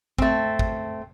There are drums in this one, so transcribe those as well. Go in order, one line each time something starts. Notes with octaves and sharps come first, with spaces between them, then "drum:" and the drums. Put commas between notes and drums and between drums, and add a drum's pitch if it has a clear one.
A3 C4, drum: kick G#1
drum: kick G#1